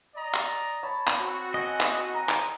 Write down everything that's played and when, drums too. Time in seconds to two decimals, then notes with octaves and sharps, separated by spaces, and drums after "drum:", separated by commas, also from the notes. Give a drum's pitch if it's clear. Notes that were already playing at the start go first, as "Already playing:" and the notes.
0.15 D5 D#5 A#5
0.34 drum: clap
0.83 C#5 A5 B5
1.07 drum: clap
1.19 C4 F#4
1.54 D#5 G#5
1.80 drum: clap
2.14 A#5
2.29 drum: clap